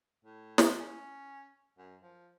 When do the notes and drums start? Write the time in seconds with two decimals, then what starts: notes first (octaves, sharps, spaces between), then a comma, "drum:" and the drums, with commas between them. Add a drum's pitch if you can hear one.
0.24 A2
0.58 drum: snare
0.78 C#4
1.78 F#2
2.02 F3